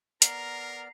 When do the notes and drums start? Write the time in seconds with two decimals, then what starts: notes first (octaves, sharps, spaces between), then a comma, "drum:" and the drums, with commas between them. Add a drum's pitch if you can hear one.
0.22 B3 A#4 D5 A#5 F6 C7, drum: hi-hat